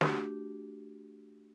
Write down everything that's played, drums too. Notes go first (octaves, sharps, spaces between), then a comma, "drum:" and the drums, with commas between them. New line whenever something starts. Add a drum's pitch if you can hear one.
A3 D4 F#4 G4, drum: snare